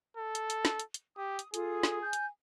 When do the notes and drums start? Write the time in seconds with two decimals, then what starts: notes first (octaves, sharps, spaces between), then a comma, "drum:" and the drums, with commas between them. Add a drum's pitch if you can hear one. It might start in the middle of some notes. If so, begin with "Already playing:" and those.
0.17 A4
0.35 drum: hi-hat
0.50 drum: hi-hat
0.65 drum: snare
0.80 drum: hi-hat
0.94 drum: hi-hat
1.17 G4 D#6
1.39 drum: hi-hat
1.54 F4 G#4 A4 D#6, drum: hi-hat
1.83 drum: snare
2.03 G#5 G6
2.13 drum: hi-hat